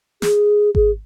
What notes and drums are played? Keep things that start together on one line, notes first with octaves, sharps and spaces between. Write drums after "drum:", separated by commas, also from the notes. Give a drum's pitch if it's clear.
G#4, drum: snare
G#4, drum: kick G#1